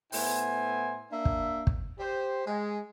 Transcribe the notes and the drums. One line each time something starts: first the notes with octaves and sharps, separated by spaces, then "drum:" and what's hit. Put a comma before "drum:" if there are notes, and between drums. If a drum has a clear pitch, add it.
A2 B3 E4 C5 G#5, drum: open hi-hat
A#3 D4 E5
drum: kick
drum: kick
G4 C5
G#3